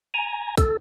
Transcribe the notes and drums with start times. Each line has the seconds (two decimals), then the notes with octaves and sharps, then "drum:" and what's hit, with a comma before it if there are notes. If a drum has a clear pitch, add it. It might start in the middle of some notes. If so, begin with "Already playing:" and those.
0.14 G#5 A#5
0.57 A4, drum: kick, hi-hat